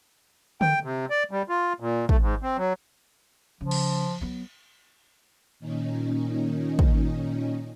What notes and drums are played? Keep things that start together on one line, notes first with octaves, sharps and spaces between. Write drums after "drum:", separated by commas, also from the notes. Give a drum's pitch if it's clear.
G5, drum: tom D3
C3
D5
G3
F4
A#2
A3, drum: kick
G#2
C4
F#3
C#3 F3
drum: cymbal
F#3 B3
A#2 D#3 C#4 D#4
drum: kick